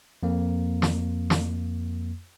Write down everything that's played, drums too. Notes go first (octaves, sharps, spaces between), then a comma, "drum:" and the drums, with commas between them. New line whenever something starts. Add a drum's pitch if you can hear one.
F2 A#3
drum: snare
drum: snare